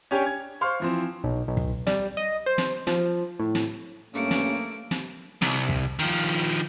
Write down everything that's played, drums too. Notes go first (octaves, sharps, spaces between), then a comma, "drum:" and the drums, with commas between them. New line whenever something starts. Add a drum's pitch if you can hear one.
C#4 D4 G4 C#5 G5 G#5
G#6
C5 F5 C6 C#6 F6
E3 F3 C4
B1
B1
drum: kick
G3, drum: snare
D#5
C5
drum: snare
F3, drum: snare
A2
drum: snare
G2 A3 A#3 C#4 D7
drum: snare
drum: snare
C2, drum: snare
drum: kick
D#3 F3